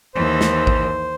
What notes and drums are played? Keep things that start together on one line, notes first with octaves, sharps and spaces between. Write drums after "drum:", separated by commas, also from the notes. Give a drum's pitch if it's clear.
D#2 E3 C5
drum: snare
drum: kick A1